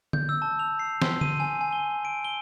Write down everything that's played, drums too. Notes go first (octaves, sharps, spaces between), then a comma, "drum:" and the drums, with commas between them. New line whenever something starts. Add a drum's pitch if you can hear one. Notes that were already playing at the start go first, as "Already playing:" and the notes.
G6, drum: tom D3
E6
A5
F7
C7
C6, drum: snare
D#7, drum: tom D3
G#5
G#5
G7
D7
G7